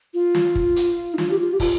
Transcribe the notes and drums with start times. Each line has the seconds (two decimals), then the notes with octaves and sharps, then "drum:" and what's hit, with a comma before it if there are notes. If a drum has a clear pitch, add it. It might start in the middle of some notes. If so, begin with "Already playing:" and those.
0.14 F4
0.35 drum: snare
0.55 drum: kick
0.76 drum: hi-hat
1.14 D#4
1.18 F4, drum: snare
1.31 G4
1.39 F4
1.53 G4
1.60 F4, drum: kick, open hi-hat